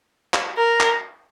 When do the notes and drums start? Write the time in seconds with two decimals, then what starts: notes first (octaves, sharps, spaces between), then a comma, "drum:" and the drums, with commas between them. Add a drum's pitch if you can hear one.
0.34 drum: clap
0.57 A#4
0.80 drum: clap